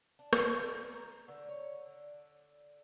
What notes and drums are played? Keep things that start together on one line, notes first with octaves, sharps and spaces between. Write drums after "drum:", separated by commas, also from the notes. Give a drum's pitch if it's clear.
D4
drum: rim click
F3
A#5
D3
C#5
D3